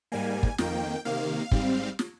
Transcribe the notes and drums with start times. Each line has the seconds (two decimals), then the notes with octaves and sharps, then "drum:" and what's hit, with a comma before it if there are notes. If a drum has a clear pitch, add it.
0.12 G#2 G3 A#3 G#5
0.43 drum: kick
0.58 F2 D#3 A#3 G5, drum: snare
1.05 C3 D#3 A#3 F5
1.51 G#2 G3 C4, drum: kick
1.99 drum: snare